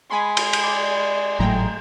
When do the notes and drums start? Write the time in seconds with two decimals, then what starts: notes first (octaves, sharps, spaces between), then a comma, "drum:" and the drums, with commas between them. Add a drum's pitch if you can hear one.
0.10 G#3 G#5 B5 C6
0.37 drum: cymbal
0.53 drum: cymbal
0.63 D5
1.39 G#1 A2 F#3 A3 G5 A#5